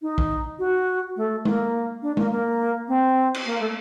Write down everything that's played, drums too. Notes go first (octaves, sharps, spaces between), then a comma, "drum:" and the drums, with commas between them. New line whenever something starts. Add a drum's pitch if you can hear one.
D#4
drum: kick
F#4
A3
A#3, drum: tom G#3
D4
A#3, drum: tom G#3
A#3
C4
drum: cymbal
A#3
A3